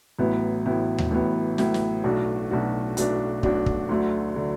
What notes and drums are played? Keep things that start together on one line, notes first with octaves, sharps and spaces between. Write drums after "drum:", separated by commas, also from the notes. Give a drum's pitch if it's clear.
A1 A2 F#3 B3 E4
A1 A2 F#3 B3 E4
drum: tom D#2
A1 A2 F#3 B3 E4
A1 A2 F#3 B3 E4, drum: snare
drum: snare
B1 B2 A3 D4 F#4
B1 B2 A3 D4 F#4
B1 B2 A3 D4 F#4, drum: hi-hat
B1 B2 A3 D4 F#4, drum: kick
drum: kick
D2 D3 F#3 A3
D3 F#3 A3